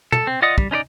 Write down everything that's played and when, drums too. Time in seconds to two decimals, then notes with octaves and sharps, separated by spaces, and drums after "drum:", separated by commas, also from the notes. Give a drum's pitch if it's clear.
0.12 A4, drum: tom
0.27 C4
0.42 F4 D5 D#5 F#5 D#6
0.58 G3, drum: kick
0.71 C#4 D#4 B4 D5